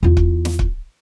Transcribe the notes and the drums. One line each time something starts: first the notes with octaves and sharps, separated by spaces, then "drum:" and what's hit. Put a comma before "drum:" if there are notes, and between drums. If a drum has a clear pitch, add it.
E2 F4
drum: kick
drum: snare
drum: kick